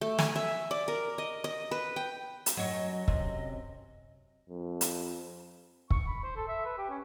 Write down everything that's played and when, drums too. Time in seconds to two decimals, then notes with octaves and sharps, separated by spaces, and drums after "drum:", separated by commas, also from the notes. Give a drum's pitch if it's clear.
0.01 A3
0.19 G#5, drum: snare
0.36 E5
0.71 D5
0.88 A#4
1.18 D#5
1.44 D#5
1.71 B4
1.96 G5
2.46 drum: hi-hat
2.57 F#2 F#3 C#5 D#5
3.08 C3, drum: kick
4.49 F2
4.81 drum: hi-hat
5.90 C#6, drum: kick
6.07 B5
6.24 C5
6.36 A4
6.48 E5
6.65 B4
6.78 G4
6.90 C#4